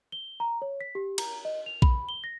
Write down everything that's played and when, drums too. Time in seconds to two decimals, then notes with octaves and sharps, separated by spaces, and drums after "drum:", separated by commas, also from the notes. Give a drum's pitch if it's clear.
0.12 G7
0.40 A#5
0.62 C#5
0.81 B6
0.95 G4
1.18 A#5, drum: cymbal
1.45 D#5
1.66 F7
1.82 B5, drum: kick A#1
2.09 G7
2.24 A#6